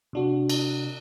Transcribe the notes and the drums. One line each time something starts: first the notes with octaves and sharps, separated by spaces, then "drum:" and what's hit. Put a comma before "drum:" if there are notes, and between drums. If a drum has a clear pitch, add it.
C3 D4 F#4
drum: cymbal